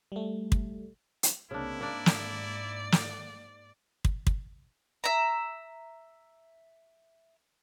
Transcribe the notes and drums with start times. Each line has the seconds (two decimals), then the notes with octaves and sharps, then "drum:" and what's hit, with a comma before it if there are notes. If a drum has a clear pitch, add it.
0.12 G3 A3
0.52 drum: kick
1.23 drum: hi-hat
1.51 C2 C#3 A#3 C4 D4 E4
1.81 G#2 A#3 D4 D5
2.06 drum: snare
2.92 drum: snare
4.05 drum: kick
4.27 drum: kick
5.04 E5 A#5